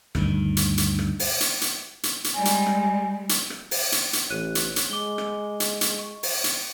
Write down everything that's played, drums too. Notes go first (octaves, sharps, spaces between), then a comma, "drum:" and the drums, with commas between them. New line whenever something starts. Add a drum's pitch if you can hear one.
D2 G2 D#3, drum: rim click
drum: hi-hat
drum: hi-hat
drum: rim click
drum: open hi-hat
drum: hi-hat
drum: hi-hat
drum: hi-hat
drum: hi-hat
G3 G#3 G#5
drum: hi-hat
drum: rim click
drum: hi-hat
drum: rim click
drum: open hi-hat
drum: hi-hat
drum: hi-hat
A1 C#5 F#6 D#7
drum: hi-hat
drum: hi-hat
G#3 D6 G7
drum: rim click
drum: hi-hat
drum: hi-hat
C#6
drum: open hi-hat
drum: hi-hat